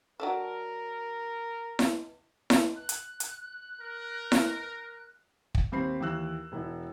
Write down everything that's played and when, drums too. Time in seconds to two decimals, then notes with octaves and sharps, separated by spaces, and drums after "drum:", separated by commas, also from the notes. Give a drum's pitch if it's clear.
0.20 F#3 D4 A4 A#4
1.79 drum: snare E4
2.50 drum: snare E4
2.76 F#6
2.89 drum: hi-hat
3.20 drum: hi-hat
3.81 A#4
4.32 drum: snare E4
5.55 drum: kick
5.72 D#2 C4 B5 C7
6.01 D#2 E3 E6 F#6
6.52 E1 E4